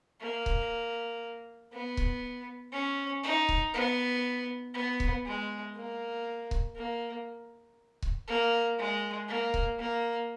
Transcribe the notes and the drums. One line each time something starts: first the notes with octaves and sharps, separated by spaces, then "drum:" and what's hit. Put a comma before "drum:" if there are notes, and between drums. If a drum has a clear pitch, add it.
A#3
drum: kick C#1
B3
drum: kick C#1
C#4
D#4
drum: kick C#1
B3
B3
drum: kick C#1
G#3
A#3
drum: kick C#1
A#3
drum: kick C#1
A#3
G#3
A#3
drum: kick C#1
A#3